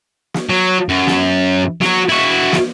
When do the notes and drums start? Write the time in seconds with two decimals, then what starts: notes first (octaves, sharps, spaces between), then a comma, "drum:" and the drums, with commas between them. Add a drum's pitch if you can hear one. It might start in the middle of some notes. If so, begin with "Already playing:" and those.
0.34 drum: snare
0.49 F#3
0.89 F#2
1.07 drum: snare
1.81 F#3, drum: snare
2.09 E4 F#4
2.53 drum: snare